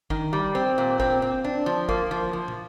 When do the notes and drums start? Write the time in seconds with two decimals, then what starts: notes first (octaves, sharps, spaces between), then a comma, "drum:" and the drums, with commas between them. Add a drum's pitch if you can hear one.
0.10 D#3, drum: kick
0.33 G3
0.55 C4
0.78 A#2
1.00 C4, drum: kick
1.22 C4
1.44 D4
1.66 F3
1.89 A#3, drum: kick
2.11 F3
2.33 F3
2.48 drum: tom